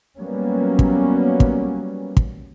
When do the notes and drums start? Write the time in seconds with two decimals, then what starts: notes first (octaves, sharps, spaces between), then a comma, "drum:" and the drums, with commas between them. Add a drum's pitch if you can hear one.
0.18 F#3 G3 A#3 B3 C#4
0.79 drum: kick
1.40 drum: kick
2.17 drum: kick